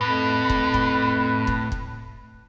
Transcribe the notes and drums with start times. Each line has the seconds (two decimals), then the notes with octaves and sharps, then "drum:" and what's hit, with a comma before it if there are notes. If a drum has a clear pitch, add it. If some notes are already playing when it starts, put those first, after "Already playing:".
0.01 F2 A2 B4
0.50 drum: kick
0.74 drum: kick
1.47 drum: kick
1.72 drum: kick